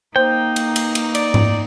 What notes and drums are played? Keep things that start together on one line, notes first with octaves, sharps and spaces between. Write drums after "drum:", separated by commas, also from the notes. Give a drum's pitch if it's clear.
A#3 D#4 C5 G5
drum: cymbal
drum: cymbal
drum: cymbal
D5, drum: cymbal
drum: tom G#2